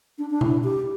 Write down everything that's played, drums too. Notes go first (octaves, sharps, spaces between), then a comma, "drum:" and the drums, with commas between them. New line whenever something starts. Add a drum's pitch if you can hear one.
D4
D4
E4, drum: tom B2
G4